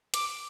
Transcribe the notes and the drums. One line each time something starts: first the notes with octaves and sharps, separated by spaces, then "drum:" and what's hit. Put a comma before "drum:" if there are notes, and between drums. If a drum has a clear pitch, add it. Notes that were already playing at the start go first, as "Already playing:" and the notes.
D6, drum: hi-hat